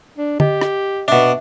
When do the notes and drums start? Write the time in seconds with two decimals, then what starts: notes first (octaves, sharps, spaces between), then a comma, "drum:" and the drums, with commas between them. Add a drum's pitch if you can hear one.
0.18 D4
0.40 G4 D#5, drum: tom
0.61 drum: rim click
1.08 B2 D4 E5